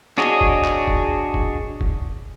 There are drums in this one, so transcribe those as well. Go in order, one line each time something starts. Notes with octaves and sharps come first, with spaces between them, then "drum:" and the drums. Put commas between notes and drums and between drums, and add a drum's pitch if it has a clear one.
D4 F#4 G#4 C#5 D#5, drum: clap
drum: kick
drum: clap
drum: kick
drum: kick
drum: kick